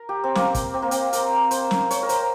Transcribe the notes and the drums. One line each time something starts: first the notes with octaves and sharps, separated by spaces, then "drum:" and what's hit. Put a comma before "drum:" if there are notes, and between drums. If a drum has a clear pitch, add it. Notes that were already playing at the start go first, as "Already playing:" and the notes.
Already playing: A#4
G4
C4
A#3, drum: snare
drum: kick, hi-hat
C4
A#3
C4, drum: hi-hat
A#4, drum: hi-hat
C5, drum: hi-hat
drum: snare
C#5, drum: hi-hat
A#4
C5, drum: hi-hat